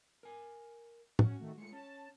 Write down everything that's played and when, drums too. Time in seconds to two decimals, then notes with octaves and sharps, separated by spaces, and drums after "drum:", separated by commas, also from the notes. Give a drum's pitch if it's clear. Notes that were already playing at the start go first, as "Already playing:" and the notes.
0.23 A#4 G#5
1.19 C#4 F#4, drum: tom
1.40 D#3 A3
1.58 G#3 A3 F4 C#7
1.72 C#4 A5